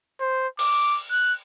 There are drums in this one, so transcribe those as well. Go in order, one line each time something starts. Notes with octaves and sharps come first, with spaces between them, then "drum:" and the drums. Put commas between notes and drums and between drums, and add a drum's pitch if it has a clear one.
C5
D6, drum: cymbal
F#6